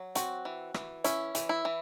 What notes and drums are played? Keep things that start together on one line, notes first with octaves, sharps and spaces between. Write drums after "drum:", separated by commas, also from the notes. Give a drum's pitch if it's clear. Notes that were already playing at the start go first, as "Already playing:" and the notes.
Already playing: F#3
C4 F#4, drum: hi-hat
E3
E3, drum: rim click
C#4 E4, drum: hi-hat
E3, drum: hi-hat
E4
E3